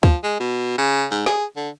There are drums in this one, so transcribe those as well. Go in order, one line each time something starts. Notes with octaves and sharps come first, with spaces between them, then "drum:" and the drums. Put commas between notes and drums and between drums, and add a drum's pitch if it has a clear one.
F3, drum: kick D2
G#3
B2
C#3
G#2
G#4, drum: snare
D3